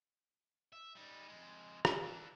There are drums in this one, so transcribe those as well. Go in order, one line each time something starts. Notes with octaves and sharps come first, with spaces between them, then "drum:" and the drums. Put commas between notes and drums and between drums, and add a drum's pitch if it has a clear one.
E5
G3 D#4
F2 G#3
D2, drum: rim click
E3 D4